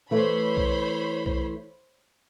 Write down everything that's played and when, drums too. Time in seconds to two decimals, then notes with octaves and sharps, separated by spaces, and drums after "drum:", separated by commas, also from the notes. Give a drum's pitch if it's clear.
0.11 E3 A3 C5 C#5 B5
0.57 drum: kick B1
1.26 drum: kick B1